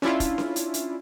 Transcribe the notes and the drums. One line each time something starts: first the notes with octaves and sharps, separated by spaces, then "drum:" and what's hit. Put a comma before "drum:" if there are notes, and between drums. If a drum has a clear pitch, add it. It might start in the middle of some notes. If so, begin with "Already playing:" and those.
C#4 D4 E4 F4, drum: snare C#4
drum: kick, hi-hat
drum: snare C#4
drum: hi-hat
drum: hi-hat